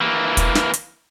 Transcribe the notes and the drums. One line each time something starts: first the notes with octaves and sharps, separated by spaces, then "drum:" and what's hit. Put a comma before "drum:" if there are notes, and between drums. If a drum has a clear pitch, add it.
E3 A#3
drum: kick, hi-hat
drum: snare
drum: hi-hat